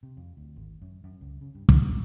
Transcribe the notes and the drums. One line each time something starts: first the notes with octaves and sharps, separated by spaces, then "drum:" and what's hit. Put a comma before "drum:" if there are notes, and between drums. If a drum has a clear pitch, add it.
C3
F2
D2
G#1
F#2
F#2
C#2
C#3
G2
C3, drum: kick